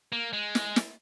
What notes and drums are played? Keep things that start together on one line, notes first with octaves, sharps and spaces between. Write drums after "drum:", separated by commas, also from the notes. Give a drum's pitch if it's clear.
A#3
G#3
drum: snare
drum: snare